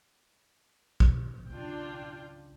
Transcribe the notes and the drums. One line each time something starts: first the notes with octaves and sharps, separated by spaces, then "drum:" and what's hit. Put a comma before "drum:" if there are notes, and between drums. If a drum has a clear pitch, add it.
drum: kick
C#2 D4 F4 G5